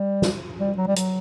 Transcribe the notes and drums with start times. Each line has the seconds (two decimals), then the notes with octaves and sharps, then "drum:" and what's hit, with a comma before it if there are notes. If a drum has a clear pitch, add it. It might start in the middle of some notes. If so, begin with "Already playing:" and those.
Already playing: G3
0.22 drum: snare
0.59 G3
0.77 F#3
0.87 G3
0.96 F#3, drum: hi-hat